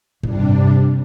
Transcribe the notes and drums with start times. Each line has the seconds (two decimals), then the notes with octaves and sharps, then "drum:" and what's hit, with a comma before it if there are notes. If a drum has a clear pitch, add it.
0.23 G2 C3 G3 D4, drum: tom G#2